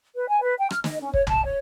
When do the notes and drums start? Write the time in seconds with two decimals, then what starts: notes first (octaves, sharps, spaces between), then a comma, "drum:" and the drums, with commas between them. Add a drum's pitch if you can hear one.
0.16 B4
0.29 G#5
0.42 B4
0.58 G5
0.70 F6, drum: rim click
0.84 D#5, drum: snare
1.01 C#4
1.14 C#5, drum: kick
1.27 A5, drum: tom B1
1.44 C#5